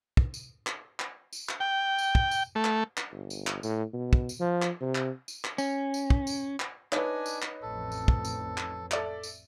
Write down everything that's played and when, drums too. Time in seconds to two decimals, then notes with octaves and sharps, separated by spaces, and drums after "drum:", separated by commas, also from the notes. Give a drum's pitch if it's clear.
0.17 drum: kick
0.34 drum: tambourine
0.67 drum: clap
1.00 drum: clap
1.33 drum: tambourine
1.49 drum: clap
1.60 G5
1.98 drum: tambourine
2.15 drum: kick
2.31 drum: tambourine
2.55 A3
2.64 drum: clap
2.97 drum: clap
3.12 G1
3.30 drum: tambourine
3.47 drum: clap
3.63 A2, drum: tambourine
3.93 B2
4.13 drum: kick
4.29 drum: tambourine
4.40 F3
4.62 drum: clap
4.81 C3
4.95 drum: clap
5.28 drum: tambourine
5.44 drum: clap
5.58 C#4, drum: tambourine
5.94 drum: tambourine
6.10 drum: kick
6.27 drum: tambourine
6.60 drum: clap
6.92 D4 D#4 B4 C#5 G#5, drum: clap
7.26 drum: tambourine
7.42 drum: clap
7.62 A1 F2 A4
7.92 drum: tambourine
8.08 drum: kick
8.25 drum: tambourine
8.58 drum: clap
8.91 A4 D5 E5, drum: clap
9.23 drum: tambourine